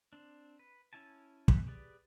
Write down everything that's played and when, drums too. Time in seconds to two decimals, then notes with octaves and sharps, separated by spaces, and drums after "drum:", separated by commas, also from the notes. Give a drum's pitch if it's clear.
0.13 C4 D4
0.59 B4
0.93 C#4 E4 G#5 A5
1.48 A4 B4 C5 E5 F#5, drum: kick
1.67 G4 G#4 B4 D5